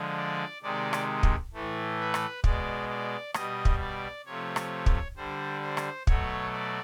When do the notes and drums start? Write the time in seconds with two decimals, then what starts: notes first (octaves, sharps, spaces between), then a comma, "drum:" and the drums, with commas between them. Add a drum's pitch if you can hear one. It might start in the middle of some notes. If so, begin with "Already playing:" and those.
Already playing: D3 F3 G#3
0.17 D5
0.63 C3 D#3 G#3 D5
0.93 drum: rim click
1.23 drum: kick
1.53 A2 E3 A3
1.99 B4
2.14 drum: rim click
2.44 B2 G#3 D5, drum: kick
2.90 D5
3.34 B2 G3 D#5, drum: rim click
3.65 drum: kick
3.80 D5
4.26 C3 F3 A3 C#5
4.56 drum: rim click
4.86 drum: kick
5.17 D3 G3 C5
5.62 C5
5.77 drum: rim click
6.07 B2 F#3 A3 C#5, drum: kick
6.52 D5